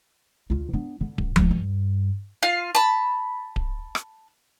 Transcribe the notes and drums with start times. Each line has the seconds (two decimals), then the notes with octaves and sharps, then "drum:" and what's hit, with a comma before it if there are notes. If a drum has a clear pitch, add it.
0.50 D2 F4
0.73 B3 D4
1.01 D3 B3
1.18 F#2, drum: kick D1
1.36 D1 A3, drum: tom F3
1.51 G2
2.43 F4 F5
2.75 A5 B5
3.56 drum: kick D1
3.95 drum: rim click